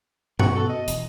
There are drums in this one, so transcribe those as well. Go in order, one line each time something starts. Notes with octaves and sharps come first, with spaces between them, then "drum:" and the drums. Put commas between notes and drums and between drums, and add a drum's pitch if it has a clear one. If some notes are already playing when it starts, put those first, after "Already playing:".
B2 F#4, drum: tom G2
A4
D#5
E1, drum: hi-hat